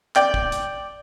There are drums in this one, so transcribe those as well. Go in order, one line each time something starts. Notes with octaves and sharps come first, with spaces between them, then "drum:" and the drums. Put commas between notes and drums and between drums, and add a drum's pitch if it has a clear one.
D5 G5, drum: clap
drum: kick
drum: hi-hat